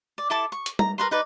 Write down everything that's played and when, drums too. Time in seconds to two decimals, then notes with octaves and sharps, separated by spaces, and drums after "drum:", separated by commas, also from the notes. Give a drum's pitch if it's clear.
0.18 D5
0.30 E4 A4 A5 D6
0.52 C#6
0.66 drum: hi-hat
0.79 A#5, drum: tom G3
0.98 A#4 B4 C6
1.11 D#4 B4 D5